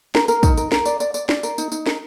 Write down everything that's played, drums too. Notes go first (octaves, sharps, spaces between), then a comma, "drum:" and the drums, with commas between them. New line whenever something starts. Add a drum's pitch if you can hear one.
A#4, drum: snare
A#4, drum: tambourine
D#4, drum: kick, tambourine
A#4, drum: tambourine
A#4, drum: snare
D5, drum: tambourine
D5, drum: tambourine
D5, drum: tambourine
D5, drum: snare
A#4, drum: tambourine
D#4, drum: tambourine
D#4, drum: tambourine
A#4, drum: snare